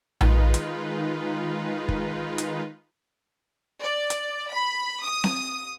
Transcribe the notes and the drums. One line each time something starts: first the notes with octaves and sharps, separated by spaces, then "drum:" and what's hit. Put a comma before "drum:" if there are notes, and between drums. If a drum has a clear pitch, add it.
D#3 G#3 D#4 F4 B4, drum: tom A#1
drum: hi-hat
drum: kick
drum: hi-hat
D5
drum: hi-hat
B5
D#6
drum: snare C4